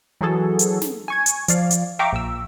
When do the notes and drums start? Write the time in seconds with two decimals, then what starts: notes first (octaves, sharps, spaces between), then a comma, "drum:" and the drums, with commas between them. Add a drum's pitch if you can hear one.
0.21 E3 F#3 F#4 G#4 A4
0.59 drum: hi-hat
0.82 drum: snare
1.08 G#5 C#6 G#6
1.26 drum: hi-hat
1.48 F3 D5 F5, drum: hi-hat
1.71 drum: hi-hat
1.99 E5 F5 G5 A#5 C#6 D6
2.12 A#1 E6